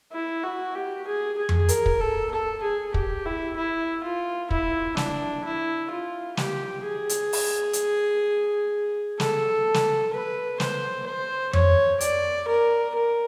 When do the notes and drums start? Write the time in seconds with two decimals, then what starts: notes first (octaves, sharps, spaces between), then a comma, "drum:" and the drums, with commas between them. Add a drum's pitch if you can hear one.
0.12 E4
0.43 F#4
0.75 G4
1.07 G#4
1.37 G#4
1.49 drum: tom F2
1.69 A#4, drum: hi-hat
1.86 drum: kick
2.00 A4
2.31 A4
2.63 G#4
2.94 G4, drum: kick
3.25 E4
3.57 E4
4.03 F4
4.51 E4, drum: kick
4.97 D4, drum: snare
5.45 E4
5.90 F4
6.37 G4, drum: snare
6.84 G#4
7.09 drum: hi-hat
7.33 drum: open hi-hat
7.73 drum: hi-hat
9.20 A4, drum: snare
9.74 drum: snare
10.13 B4
10.60 C5, drum: snare
11.06 C5
11.53 C#5, drum: tom F2
12.01 D5, drum: hi-hat
12.48 A#4
12.95 A#4